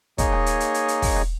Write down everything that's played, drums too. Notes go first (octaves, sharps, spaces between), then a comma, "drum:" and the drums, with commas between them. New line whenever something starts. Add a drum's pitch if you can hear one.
A#3 D#4 G#4 C#5 D#5, drum: kick, hi-hat
drum: rim click
drum: hi-hat
drum: hi-hat
drum: hi-hat
drum: hi-hat
drum: kick, open hi-hat
drum: rim click